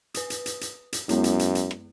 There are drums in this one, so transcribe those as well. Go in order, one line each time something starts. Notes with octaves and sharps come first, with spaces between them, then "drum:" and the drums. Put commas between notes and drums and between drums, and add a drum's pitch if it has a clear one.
B4 D#6, drum: hi-hat
drum: hi-hat
drum: hi-hat
drum: hi-hat
drum: hi-hat
F#2 G#3 B3 E4, drum: hi-hat
drum: hi-hat
drum: hi-hat
drum: hi-hat
drum: rim click